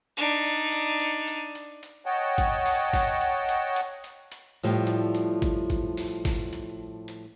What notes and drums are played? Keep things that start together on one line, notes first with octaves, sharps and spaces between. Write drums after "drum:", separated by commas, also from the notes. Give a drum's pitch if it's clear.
D4 D#4, drum: hi-hat
drum: hi-hat
drum: hi-hat
drum: hi-hat
drum: hi-hat
drum: hi-hat
drum: hi-hat
C#5 D#5 F#5 G5 A5
drum: kick G#1, hi-hat
drum: open hi-hat
drum: kick G#1, open hi-hat
drum: hi-hat
drum: hi-hat
drum: hi-hat
drum: hi-hat
drum: hi-hat
A2 F3 G3
drum: hi-hat
drum: hi-hat
drum: kick G#1, hi-hat
drum: kick G#1, hi-hat
drum: open hi-hat
drum: kick G#1, open hi-hat
drum: hi-hat
drum: hi-hat